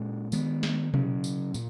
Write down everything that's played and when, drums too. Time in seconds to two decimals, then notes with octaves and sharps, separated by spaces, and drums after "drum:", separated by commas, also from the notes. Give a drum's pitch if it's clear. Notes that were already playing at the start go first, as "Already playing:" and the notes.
Already playing: A#2 G#3 C#4
0.32 D#3 G#3 B3, drum: tambourine
0.63 drum: snare
0.94 C#3 F#3 C#4, drum: tom B2
1.24 drum: tambourine
1.54 A#2, drum: tambourine